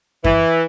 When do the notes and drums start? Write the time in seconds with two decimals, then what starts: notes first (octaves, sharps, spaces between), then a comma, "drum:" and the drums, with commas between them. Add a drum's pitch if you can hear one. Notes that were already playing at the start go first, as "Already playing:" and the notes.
0.25 E3, drum: kick F#2